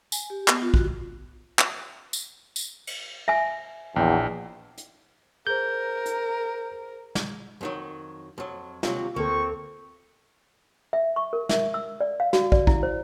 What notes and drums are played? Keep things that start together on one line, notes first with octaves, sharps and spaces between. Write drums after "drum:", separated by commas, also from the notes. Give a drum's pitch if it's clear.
G#5, drum: tambourine
G4
B3, drum: clap
F4
F#4, drum: kick
drum: clap
drum: tambourine
drum: tambourine
drum: cymbal
E5 G#5
A#1 E2 G5
drum: hi-hat
G#4 A#4 C5 G6
drum: hi-hat
drum: snare
F2 D#3 F#3
F2 F#3
D#2 C3 F#3 F4, drum: snare
D2 A#3 C4 A4 C#6
E5
C#6
A#4
E5, drum: snare
E6
D5
F5
F#4, drum: snare
D5, drum: kick
E4, drum: kick
C5